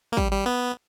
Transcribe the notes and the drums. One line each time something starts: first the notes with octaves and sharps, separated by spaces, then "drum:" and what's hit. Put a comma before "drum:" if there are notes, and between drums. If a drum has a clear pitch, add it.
A#3
G3, drum: kick
G3
B3